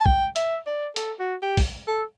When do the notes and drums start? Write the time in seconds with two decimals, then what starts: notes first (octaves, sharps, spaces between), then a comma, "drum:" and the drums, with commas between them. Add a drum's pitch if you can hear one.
0.01 A5
0.06 G5, drum: kick
0.36 E5, drum: hi-hat
0.66 D5
0.96 A4, drum: hi-hat
1.20 F#4
1.42 G4
1.57 drum: kick, open hi-hat
1.87 A4